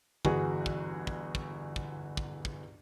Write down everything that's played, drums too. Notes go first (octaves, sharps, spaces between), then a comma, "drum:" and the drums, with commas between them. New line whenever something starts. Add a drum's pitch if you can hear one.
G1 E3 F#4 G#4, drum: kick
drum: kick
drum: kick
drum: kick
drum: kick
drum: kick
drum: kick